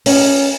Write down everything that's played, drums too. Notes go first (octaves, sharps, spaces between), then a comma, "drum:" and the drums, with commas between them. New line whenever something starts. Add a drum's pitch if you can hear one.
C#4, drum: open hi-hat